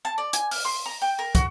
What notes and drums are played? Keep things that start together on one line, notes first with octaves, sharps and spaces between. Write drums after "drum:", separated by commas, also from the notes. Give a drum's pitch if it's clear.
A5
D5
G#5, drum: hi-hat
F6, drum: open hi-hat
C6
A#5
G5
A#4
F#4, drum: kick, hi-hat